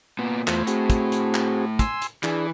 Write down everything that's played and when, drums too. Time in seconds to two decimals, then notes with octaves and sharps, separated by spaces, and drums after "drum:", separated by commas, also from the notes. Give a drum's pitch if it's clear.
0.19 A#2 B3
0.47 E2 A2 A3 F4 C5, drum: clap
0.67 C4 F#4 G#4, drum: hi-hat
0.90 drum: kick, hi-hat
1.12 drum: hi-hat
1.34 drum: clap
1.79 G#5 C6 E6, drum: kick, hi-hat
2.02 drum: hi-hat
2.23 E3 D4 G#4, drum: clap